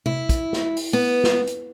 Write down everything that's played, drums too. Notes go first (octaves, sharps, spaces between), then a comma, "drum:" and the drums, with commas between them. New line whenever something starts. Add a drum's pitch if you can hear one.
E4, drum: tom C3
drum: kick, hi-hat
drum: snare
drum: open hi-hat
B3
drum: snare
drum: hi-hat